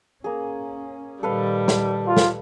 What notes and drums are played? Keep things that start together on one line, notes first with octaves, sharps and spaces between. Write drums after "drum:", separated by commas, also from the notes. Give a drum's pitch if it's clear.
A#3 C#4 G#4
A#2 D#3 G3 A4 B4 F5
drum: snare
F4
drum: snare